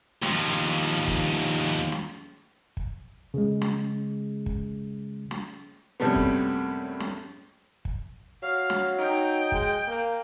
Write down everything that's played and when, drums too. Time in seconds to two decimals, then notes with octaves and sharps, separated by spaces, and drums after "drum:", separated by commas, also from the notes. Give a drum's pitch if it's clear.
0.23 D#2 F3, drum: snare
1.07 drum: kick
1.92 drum: snare
2.77 drum: kick
3.34 C#3 G#3
3.62 drum: snare
4.46 drum: kick
5.31 drum: snare
6.00 F#2 A2 C3 G3 A3 B3
6.16 drum: kick
7.00 drum: snare
7.85 drum: kick
8.43 F#3 F5
8.70 drum: snare
8.98 D#4 G5
9.52 G#3, drum: kick
9.87 A#3